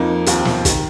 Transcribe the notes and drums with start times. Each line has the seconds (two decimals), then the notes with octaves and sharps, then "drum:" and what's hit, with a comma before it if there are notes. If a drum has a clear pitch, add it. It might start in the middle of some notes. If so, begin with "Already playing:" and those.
Already playing: F2 F3 A#3 D#4
0.26 D#2 D#3 C4 F4, drum: hi-hat
0.45 drum: snare
0.65 D#3, drum: kick, hi-hat